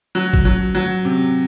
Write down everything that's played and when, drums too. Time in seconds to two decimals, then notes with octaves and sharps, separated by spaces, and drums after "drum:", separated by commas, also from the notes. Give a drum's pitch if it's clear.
0.15 F#3
0.33 drum: kick G#1
0.45 F#3
0.75 F#3
1.05 C3